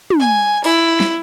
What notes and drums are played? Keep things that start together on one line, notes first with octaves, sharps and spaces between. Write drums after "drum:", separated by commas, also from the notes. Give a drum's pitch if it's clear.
drum: tom
G#5
E4, drum: open hi-hat
drum: snare